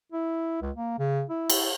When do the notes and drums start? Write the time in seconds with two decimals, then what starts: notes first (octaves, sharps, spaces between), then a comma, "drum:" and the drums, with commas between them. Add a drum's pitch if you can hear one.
0.12 E4
0.62 C#2
0.76 A#3
0.99 C#3
1.30 E4
1.50 drum: cymbal